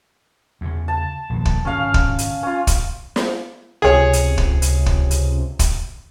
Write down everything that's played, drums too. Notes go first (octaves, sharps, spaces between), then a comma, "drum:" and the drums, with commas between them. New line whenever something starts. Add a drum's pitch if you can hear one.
E2 C#3
A5
A#1 D#2
drum: kick
G#1 G2 C#3 C#4 F5
drum: kick
drum: hi-hat
C#4 F4
drum: kick, hi-hat
drum: snare
C#2 C3 G#4 C#5
drum: hi-hat
drum: kick
drum: hi-hat
drum: kick
drum: hi-hat
drum: kick, hi-hat